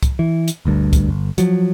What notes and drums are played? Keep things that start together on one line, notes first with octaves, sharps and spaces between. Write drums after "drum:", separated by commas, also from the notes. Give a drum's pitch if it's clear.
drum: kick C2, hi-hat
E3
drum: hi-hat
G1 D2 G2
drum: kick C2, hi-hat
G1
F3 F#3, drum: hi-hat